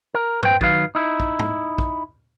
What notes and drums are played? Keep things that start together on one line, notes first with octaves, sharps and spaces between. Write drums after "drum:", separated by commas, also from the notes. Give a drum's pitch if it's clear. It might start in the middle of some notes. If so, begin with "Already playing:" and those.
A#4
B4 C5 G5, drum: tom G2
D#3 F#3 B4 F5, drum: kick
D#4 E4
drum: kick
drum: tom G#2
drum: kick